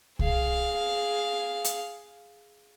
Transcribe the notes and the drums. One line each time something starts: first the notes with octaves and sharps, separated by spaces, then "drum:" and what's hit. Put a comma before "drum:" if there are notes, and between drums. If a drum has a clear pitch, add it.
G#4 F5, drum: kick C2
drum: hi-hat